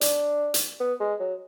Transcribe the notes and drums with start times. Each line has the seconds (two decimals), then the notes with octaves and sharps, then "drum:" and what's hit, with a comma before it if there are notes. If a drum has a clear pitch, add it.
0.01 D4, drum: hi-hat
0.54 drum: hi-hat
0.80 B3
1.00 G#3
1.20 F#3